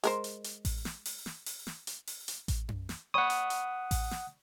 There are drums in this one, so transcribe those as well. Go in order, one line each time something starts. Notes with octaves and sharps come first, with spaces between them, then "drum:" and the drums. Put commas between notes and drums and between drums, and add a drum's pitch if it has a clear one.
G#3 A#4 C5, drum: hi-hat
drum: hi-hat
drum: hi-hat
drum: kick A1, open hi-hat
drum: snare
drum: open hi-hat
drum: snare
drum: open hi-hat
drum: snare
drum: hi-hat
drum: open hi-hat
drum: hi-hat
drum: kick A1, hi-hat
drum: tom F#2
drum: snare
D5 F#5 B5 C#6 D#6
drum: hi-hat
drum: hi-hat
drum: kick A1, open hi-hat
drum: snare